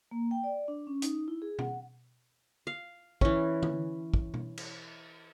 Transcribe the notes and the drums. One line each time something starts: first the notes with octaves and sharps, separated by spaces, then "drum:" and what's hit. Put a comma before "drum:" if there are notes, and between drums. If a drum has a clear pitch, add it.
A#3
G5
D5
D4
C#4
D#4, drum: hi-hat
E4
G#4
F#5, drum: tom B2
F5
E3 C#4, drum: kick
drum: tom D3
drum: kick
drum: tom B2
drum: cymbal